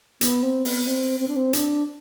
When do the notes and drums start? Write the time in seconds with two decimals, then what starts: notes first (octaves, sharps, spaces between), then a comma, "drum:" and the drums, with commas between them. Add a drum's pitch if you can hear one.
0.21 B3, drum: hi-hat
0.43 C4
0.65 B3, drum: open hi-hat
0.87 C4
1.20 C4
1.28 D4
1.36 C4
1.53 D4, drum: hi-hat